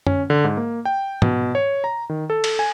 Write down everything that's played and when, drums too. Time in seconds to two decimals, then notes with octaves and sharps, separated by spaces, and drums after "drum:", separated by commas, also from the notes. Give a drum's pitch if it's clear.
0.07 C#4, drum: tom F#2
0.30 D3
0.44 G#2
0.57 A#3
0.85 G5
1.22 B2, drum: tom
1.55 C#5
1.84 A#5
2.09 D#3
2.30 A4
2.44 drum: cymbal
2.59 G#5